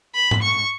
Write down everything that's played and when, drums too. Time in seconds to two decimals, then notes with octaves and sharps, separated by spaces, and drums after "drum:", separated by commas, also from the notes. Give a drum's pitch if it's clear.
0.14 B5
0.31 drum: tom G#2
0.43 C#6